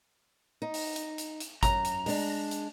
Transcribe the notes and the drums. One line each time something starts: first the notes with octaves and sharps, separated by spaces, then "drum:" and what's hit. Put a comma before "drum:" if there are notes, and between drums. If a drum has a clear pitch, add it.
D#4
drum: open hi-hat
drum: hi-hat
drum: hi-hat
drum: hi-hat
F#2 A#5, drum: kick G#1, hi-hat
drum: hi-hat
G#3 D4, drum: open hi-hat
drum: hi-hat